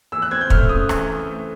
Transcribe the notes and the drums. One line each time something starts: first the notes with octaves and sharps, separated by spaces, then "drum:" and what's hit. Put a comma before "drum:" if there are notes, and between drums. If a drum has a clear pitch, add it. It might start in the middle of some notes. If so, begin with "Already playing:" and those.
E3 E6
F#6
C4 G#6
G6
A3 F6, drum: kick
C#3 D#6
E3, drum: rim click
C4
A3